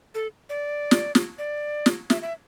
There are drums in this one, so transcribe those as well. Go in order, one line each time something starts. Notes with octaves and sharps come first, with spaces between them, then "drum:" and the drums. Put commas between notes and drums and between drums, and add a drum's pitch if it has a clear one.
A4
D5
drum: snare
drum: snare
D5
drum: snare
E5, drum: snare
E5